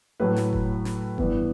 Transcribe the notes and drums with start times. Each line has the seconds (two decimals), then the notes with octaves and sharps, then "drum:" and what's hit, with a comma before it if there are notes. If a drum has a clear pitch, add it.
0.20 A2 F#3 A3 B4
0.36 drum: snare
0.53 drum: kick F1
0.85 drum: snare
1.18 G2 E3 B3, drum: kick F1